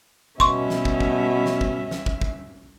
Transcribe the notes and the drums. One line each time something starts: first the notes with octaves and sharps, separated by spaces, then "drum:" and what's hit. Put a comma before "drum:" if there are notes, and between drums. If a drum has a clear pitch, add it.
B2 G3 C#4 E5 C6 C#6, drum: kick
drum: snare
drum: kick
drum: kick
drum: snare
drum: kick
drum: snare
drum: kick
drum: kick